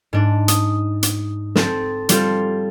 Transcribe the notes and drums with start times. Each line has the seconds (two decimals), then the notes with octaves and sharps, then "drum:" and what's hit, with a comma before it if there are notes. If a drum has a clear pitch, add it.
0.13 G#2 D4
0.48 D#6, drum: hi-hat
1.03 drum: hi-hat
1.55 C4 A4, drum: snare
2.09 G3 C4 F4 A4, drum: hi-hat